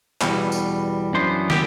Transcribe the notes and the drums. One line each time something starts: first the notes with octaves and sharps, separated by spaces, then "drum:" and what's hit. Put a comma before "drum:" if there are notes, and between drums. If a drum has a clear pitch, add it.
E2 B2 G3, drum: clap
drum: tambourine
F#2 E3 B3 D4 C5
G4, drum: snare